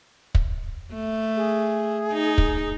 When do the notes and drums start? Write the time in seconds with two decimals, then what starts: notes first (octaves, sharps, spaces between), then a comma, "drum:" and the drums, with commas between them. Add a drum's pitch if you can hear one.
0.35 drum: kick
0.94 A3
1.36 G#4
2.13 D#4
2.38 drum: kick